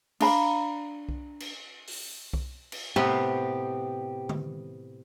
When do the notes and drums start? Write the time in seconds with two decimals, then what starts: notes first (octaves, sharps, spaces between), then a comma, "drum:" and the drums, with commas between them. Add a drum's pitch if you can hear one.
0.20 D4 F5 A#5 B5, drum: cymbal
1.09 drum: kick B1
1.40 drum: cymbal
1.87 drum: open hi-hat
2.33 drum: kick B1
2.72 drum: cymbal
2.96 A2 C3 B3 G4
4.29 drum: tom